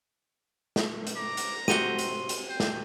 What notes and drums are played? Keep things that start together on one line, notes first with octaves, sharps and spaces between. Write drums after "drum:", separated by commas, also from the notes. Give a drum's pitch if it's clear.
drum: snare
drum: hi-hat
A#5 D6
drum: hi-hat
C4 F#4 G4 C6 D#7 G7, drum: snare
drum: hi-hat
drum: hi-hat
C5 G5
drum: snare